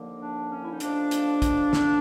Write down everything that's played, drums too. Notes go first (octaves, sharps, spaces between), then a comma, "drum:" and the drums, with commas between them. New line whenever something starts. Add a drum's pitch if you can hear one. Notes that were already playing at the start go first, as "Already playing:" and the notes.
Already playing: D#2 D3 F3 A#3
D4
C#4
E4
D#4
D#2 D3 F3 A#3 D4, drum: hi-hat
drum: hi-hat
drum: kick, hi-hat
D3 F3 A#3, drum: snare